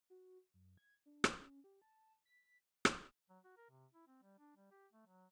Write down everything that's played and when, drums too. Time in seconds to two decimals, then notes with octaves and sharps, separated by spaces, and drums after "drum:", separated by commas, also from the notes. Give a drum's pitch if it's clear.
0.10 F#4
0.54 F#2
0.77 G#6
1.06 D4
1.24 B4, drum: rim click
1.40 C#4
1.64 G4
1.82 A5
2.25 B6
2.85 drum: rim click
3.29 F#3
3.44 F#4
3.57 A#4
3.70 C3
3.93 E4
4.07 C4
4.22 G3
4.38 D4
4.56 G3
4.71 G4
4.93 A3
5.07 F#3